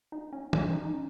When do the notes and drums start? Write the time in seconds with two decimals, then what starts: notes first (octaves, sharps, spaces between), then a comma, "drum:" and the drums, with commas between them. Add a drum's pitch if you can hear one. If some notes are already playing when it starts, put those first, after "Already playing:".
0.12 D#4
0.33 C#4
0.53 C#4, drum: tom
0.73 D#4
0.85 D#4
0.93 C#4